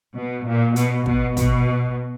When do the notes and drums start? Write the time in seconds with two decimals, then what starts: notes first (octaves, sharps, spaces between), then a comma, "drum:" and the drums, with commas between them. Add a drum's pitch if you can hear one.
0.14 B2
0.45 A#2
0.76 B2, drum: hi-hat
1.06 B2, drum: kick
1.37 B2, drum: kick, hi-hat